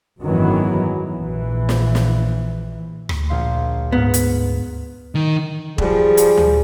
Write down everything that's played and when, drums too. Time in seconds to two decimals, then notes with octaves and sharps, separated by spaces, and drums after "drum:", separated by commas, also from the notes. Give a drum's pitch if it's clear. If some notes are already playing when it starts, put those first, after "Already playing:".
0.21 G#1 F#2 D#3 E3 F#3 B3
1.09 A#1 E3
1.69 drum: snare
1.95 drum: snare
3.09 D2, drum: rim click
3.29 A#1 F5 C6
3.92 G#2 B3 F6
4.14 drum: hi-hat
5.15 D#3
5.78 F3 G3 G#4, drum: kick E1
6.17 drum: hi-hat
6.37 drum: tom D2